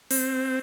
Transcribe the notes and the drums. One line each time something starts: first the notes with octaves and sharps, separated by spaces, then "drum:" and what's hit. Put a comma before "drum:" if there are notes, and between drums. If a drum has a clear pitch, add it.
C4, drum: open hi-hat